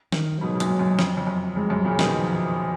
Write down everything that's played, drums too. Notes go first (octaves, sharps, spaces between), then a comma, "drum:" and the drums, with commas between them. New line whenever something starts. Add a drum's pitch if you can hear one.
D#3, drum: snare
G#2 B2 F#3
B2
F#2 A#2, drum: hi-hat
F#2
F2, drum: snare
F2
F#2
F2 G#3
F#2
A#2 C#3 F#3
B2 D#3, drum: snare
F3